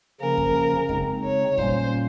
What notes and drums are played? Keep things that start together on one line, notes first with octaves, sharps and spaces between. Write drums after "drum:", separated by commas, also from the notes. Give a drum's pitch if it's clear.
C#3 F3 A#3 C#4 A#4
drum: kick F2
C#3 G#3 C4 D#4, drum: kick F2
C#5
A#2 G3 A#3 C#4 C5, drum: kick F2